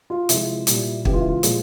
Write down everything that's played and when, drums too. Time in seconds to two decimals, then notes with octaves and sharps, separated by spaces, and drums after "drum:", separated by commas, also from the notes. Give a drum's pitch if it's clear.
0.10 F4
0.29 C3 F3 G#3 E4, drum: hi-hat
0.67 A#2 G3, drum: hi-hat
1.05 C#3 E3 G#3 G4, drum: kick
1.13 F4
1.20 E4
1.29 F4
1.43 A#2 F3 G#3, drum: hi-hat